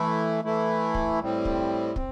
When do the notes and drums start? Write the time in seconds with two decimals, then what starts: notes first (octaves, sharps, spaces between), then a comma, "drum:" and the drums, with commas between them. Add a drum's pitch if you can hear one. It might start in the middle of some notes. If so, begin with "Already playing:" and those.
Already playing: E3 A3 E4
0.44 E3 A3 E4
0.94 drum: kick
1.20 A2 G3 C4
1.45 drum: kick
1.96 C4, drum: kick